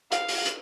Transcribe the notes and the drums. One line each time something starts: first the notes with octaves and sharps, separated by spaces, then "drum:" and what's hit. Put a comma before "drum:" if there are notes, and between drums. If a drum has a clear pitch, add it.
F5, drum: hi-hat
drum: open hi-hat
drum: hi-hat